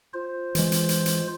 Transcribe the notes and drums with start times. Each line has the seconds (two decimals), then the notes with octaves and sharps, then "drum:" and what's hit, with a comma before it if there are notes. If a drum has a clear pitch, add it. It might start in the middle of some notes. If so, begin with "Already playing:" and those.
0.14 F4 C5
0.55 E3 G#3, drum: hi-hat
0.72 drum: hi-hat
0.89 drum: hi-hat
1.06 drum: hi-hat